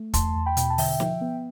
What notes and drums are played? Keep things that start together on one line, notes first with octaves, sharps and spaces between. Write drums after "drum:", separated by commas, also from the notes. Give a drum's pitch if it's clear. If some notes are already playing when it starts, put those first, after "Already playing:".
Already playing: A3
E2 A5 C6, drum: kick, hi-hat
E2
G5 B5
B2, drum: hi-hat
A5
D3 E5 G5, drum: open hi-hat
F3, drum: snare
B3